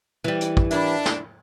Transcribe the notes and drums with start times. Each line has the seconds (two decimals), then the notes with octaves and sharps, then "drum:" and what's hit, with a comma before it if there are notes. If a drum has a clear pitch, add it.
0.24 E3 G3
0.41 drum: hi-hat
0.57 drum: kick
0.71 D4 E4 A#4 E5, drum: hi-hat
1.06 drum: snare